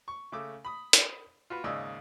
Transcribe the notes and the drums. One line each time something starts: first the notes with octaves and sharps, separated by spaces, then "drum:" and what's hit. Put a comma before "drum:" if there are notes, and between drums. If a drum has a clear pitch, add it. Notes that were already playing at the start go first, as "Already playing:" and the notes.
C#6
C#3 A3 D6 E6
B5 D#6
drum: hi-hat
F4 F#4 B4
D#2 G#2 C#3 D5 D#5 E6